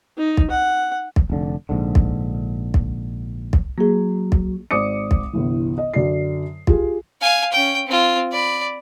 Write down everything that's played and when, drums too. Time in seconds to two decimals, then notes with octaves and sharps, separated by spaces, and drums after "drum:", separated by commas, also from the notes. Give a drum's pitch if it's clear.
0.18 D#4
0.37 drum: kick
0.51 F#5
1.16 drum: kick
1.30 F1 D3
1.69 A#1 G#2 D3
1.95 drum: kick
2.74 drum: kick
3.53 drum: kick
3.78 F#3 A#3 G#4
4.32 drum: kick
4.71 G#1 C5 D5 D6 D#6 C#7
5.11 drum: kick
5.33 G1 C2 E3
5.78 D#5
5.94 F#2 D3 F#3 D5 C7
6.67 F4 G4 G#4, drum: kick
7.21 F5 G#5
7.52 C#4 G5
7.87 C4 F4
8.32 D5 B5